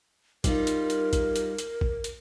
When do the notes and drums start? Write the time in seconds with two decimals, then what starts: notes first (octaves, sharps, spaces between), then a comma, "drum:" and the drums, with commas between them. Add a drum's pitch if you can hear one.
0.44 G3 D#4 F4 A#4, drum: kick, hi-hat
0.67 drum: hi-hat
0.90 drum: hi-hat
1.13 drum: kick, hi-hat
1.36 drum: hi-hat
1.58 drum: hi-hat
1.81 drum: kick
2.04 drum: hi-hat